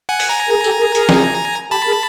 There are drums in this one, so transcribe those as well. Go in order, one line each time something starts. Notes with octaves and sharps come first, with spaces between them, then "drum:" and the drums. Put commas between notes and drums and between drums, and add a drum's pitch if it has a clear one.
F#5 G#5
drum: open hi-hat
G#5 A#5
G#4 A#4
G4 A4, drum: tambourine
G#4 A#4
G#4 A#4, drum: hi-hat
drum: snare
G4 A4 A5 B5
G#4 A#4